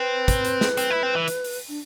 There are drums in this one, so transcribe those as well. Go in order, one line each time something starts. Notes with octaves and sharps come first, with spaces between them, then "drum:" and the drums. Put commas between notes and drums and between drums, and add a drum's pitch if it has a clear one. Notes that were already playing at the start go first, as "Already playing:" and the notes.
Already playing: C4 B4
drum: kick, hi-hat
drum: hi-hat
drum: snare
C4, drum: hi-hat
E4
C4
E3
drum: hi-hat
drum: open hi-hat
D4